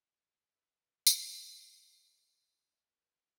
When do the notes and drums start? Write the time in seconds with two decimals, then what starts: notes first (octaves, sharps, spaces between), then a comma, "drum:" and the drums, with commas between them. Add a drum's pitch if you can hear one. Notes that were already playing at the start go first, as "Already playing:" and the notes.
0.55 B4 E5
1.07 drum: tambourine
1.88 A#4 D5
2.73 E5
2.91 A#3
3.05 B4
3.18 G4